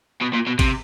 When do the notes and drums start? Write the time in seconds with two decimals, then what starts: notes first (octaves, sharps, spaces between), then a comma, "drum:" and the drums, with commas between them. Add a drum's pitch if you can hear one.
0.22 B2
0.34 A#2
0.47 B2
0.59 C3, drum: kick G#1, cymbal